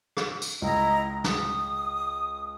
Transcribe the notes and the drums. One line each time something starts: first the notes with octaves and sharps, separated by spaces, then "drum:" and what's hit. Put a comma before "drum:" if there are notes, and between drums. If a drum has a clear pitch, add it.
drum: rim click
drum: tambourine
C#2 E4 D#5 A#5
D#6, drum: snare